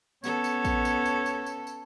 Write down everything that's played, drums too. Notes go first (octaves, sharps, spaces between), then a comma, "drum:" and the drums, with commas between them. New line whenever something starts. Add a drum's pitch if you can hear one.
B3 C#4 A4 C#5, drum: tambourine
drum: tambourine
drum: kick, tambourine
drum: tambourine
drum: tambourine
drum: tambourine
drum: tambourine
drum: tambourine